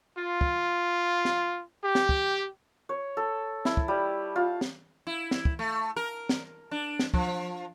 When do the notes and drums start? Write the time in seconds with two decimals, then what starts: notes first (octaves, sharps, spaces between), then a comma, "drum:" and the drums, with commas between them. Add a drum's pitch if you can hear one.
0.18 F4
0.41 drum: kick
1.25 drum: snare
1.83 G4
1.95 drum: snare
2.09 drum: kick
2.89 C#5
3.17 A4
3.65 E4, drum: snare
3.77 drum: kick
3.88 G3
4.36 F4
4.61 drum: snare
5.07 E4
5.31 drum: snare
5.45 drum: kick
5.59 A3
5.96 A#4
6.29 drum: snare
6.71 D4
6.99 drum: snare
7.14 F3, drum: kick